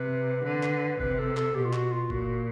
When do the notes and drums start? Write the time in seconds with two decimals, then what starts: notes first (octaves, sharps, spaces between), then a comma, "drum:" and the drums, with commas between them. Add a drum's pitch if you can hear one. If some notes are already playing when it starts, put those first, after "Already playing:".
Already playing: C3 B4
0.44 D3 B4
0.63 drum: clap
1.00 C3 B4, drum: kick
1.18 A4
1.37 A4, drum: clap
1.55 B2 G4
1.65 F4
1.73 F#4, drum: clap
1.92 F4
2.10 A#2 F#4, drum: kick